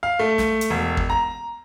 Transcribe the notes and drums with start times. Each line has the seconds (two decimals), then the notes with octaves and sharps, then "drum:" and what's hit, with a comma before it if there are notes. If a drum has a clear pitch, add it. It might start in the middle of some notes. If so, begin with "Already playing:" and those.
0.03 F5
0.19 A3
0.38 drum: snare
0.61 drum: hi-hat
0.70 E1
0.97 drum: kick
1.10 A#5